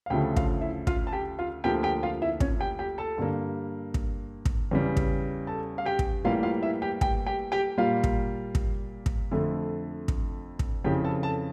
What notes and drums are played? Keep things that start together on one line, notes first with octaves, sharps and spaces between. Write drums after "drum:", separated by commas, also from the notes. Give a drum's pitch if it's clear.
F5
D2 C#3 F3 A3 G4 G5
F4 F5, drum: kick
E4 E5
F4 F5, drum: kick
A5
G4 G5
F4 F5
D2 D3 F3 A#3 G4 G5
G4 G5
F4 F5
E4 E5
C#4 C#5, drum: kick
G4 G5
G4 G5
A4 A5
G2 D3 G3 A#3
drum: kick
drum: kick
E2 C#3 G3
drum: kick
A4 A5
F5
G4 G5
drum: kick
A2 E3 G3 A#3 F4 F5
F4 F5
E4 E5
G4 G5
G4 G5, drum: kick
G4 G5
G4 G5
A#2 G3 A#3 F4 F5
drum: kick
drum: kick
drum: kick
F2 D3 A3
drum: kick
drum: kick
F2 C#3 E3 G4 G5
A4 A5
A4 A5